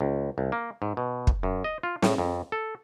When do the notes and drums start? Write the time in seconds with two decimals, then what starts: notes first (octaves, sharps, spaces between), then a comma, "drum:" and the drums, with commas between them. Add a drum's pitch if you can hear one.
0.01 C#2
0.38 C2
0.52 A#3
0.82 G#2
0.97 B2
1.27 drum: kick
1.43 F#2
1.64 D#5
1.83 F4
2.02 A2, drum: snare
2.18 F2
2.52 A4